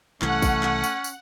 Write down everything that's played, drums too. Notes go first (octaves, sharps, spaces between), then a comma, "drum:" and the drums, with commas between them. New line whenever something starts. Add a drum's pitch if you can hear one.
C2 E3 A3 C#4 F#5, drum: clap
drum: kick, tambourine
drum: clap
drum: tambourine
drum: tambourine